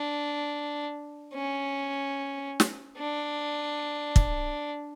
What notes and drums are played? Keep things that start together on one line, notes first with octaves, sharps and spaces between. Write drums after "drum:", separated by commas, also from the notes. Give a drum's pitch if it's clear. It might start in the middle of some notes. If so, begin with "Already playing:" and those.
Already playing: D4
C#4
drum: snare
D4
drum: kick